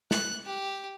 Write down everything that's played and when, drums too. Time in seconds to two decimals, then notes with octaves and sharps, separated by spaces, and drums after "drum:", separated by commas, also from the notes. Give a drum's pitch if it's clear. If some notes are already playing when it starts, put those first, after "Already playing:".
0.11 F#6, drum: snare
0.45 G4